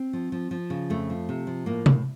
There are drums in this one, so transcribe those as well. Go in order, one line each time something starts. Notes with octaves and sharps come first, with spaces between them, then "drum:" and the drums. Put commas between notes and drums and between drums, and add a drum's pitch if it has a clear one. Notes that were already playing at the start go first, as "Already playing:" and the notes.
Already playing: C4
F3
F3
F3
C#3
F2 A3
F3
C3
F3
A2 A#3
A2, drum: tom C3